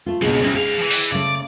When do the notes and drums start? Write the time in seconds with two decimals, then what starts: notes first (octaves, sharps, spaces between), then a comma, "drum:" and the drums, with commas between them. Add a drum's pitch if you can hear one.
0.06 A3 F4
0.22 C#2 B2 D4 G#4
0.42 C2 C#4 E4
0.55 G#2 G#4 F5
0.78 E3 F3
0.91 drum: open hi-hat
1.12 C#3 A3 D5